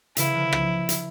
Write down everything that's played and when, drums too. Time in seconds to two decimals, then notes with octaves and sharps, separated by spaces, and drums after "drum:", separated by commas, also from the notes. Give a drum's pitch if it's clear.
0.17 C#3 E3 E4, drum: hi-hat
0.34 D3 F3
0.53 drum: rim click
0.89 drum: hi-hat